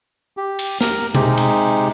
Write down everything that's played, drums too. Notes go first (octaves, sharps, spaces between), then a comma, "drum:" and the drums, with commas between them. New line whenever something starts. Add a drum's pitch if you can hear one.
G4
drum: cymbal
A#4, drum: snare
C3 G#3 D#4 G4, drum: tom B2
drum: cymbal